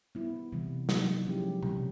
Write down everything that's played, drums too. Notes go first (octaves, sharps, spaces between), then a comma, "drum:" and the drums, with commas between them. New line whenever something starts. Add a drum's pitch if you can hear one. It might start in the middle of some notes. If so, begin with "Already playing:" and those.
G3 B3 E4
C3 E3 G3
F#3 A#3 D#4, drum: snare
F3 G#3 C#4 E4 G4
C3 E3 G3, drum: tom B2